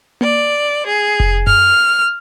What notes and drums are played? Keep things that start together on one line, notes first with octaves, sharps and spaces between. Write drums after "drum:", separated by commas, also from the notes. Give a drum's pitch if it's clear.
D5, drum: tom A#3
G#4
drum: kick F1
F6, drum: tom F#2